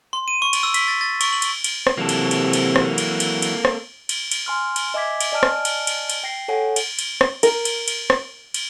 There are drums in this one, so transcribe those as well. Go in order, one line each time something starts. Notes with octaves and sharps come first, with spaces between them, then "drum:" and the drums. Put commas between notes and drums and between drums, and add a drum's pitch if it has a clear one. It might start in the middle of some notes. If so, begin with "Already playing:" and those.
C6
D#7
C#6
drum: cymbal
E6
B6, drum: cymbal
A6
A6
C#6, drum: cymbal
F#7
drum: cymbal
drum: cymbal
drum: rim click
C3 E3 F#3 A#3 A4
drum: cymbal
drum: cymbal
drum: cymbal
drum: rim click
drum: cymbal
drum: cymbal
drum: cymbal
drum: rim click
drum: cymbal
drum: cymbal
G#5 C6 F6
drum: cymbal
D#5 E5 G#5 D6 G#6 B6
drum: cymbal
D5 D#5 G#5 A5 F6 D7
drum: rim click
drum: cymbal
drum: cymbal
drum: cymbal
G5 A#6 C7
A4 C#5 F#5 G#5
drum: cymbal
drum: cymbal
drum: rim click
A#4, drum: cymbal
drum: cymbal
drum: cymbal
drum: rim click
drum: cymbal